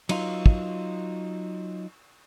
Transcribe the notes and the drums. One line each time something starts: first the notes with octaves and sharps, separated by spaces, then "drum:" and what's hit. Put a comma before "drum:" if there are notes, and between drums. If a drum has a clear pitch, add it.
F#3 D#4 F4, drum: cymbal
drum: kick